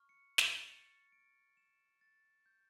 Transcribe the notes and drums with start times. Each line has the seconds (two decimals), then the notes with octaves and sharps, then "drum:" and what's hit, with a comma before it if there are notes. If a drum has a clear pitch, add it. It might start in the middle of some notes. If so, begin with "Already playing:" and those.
Already playing: C#6 F6
0.09 C#7
0.38 A6, drum: snare
0.68 C#7
1.12 D7
1.57 E7
2.01 A6
2.46 G6